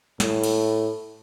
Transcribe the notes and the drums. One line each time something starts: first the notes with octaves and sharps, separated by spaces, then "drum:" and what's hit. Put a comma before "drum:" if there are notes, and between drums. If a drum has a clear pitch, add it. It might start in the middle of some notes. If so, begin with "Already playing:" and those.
A2, drum: snare
drum: cymbal